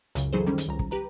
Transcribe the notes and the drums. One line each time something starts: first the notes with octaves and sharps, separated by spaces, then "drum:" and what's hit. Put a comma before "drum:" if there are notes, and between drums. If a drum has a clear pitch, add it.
C#2 F#2 C#3, drum: hi-hat
E3 F#3 D#4 G#4 A4 C5
D#3 G3 C#4
drum: hi-hat
C#2 A#5
drum: kick
G4 B4 A#5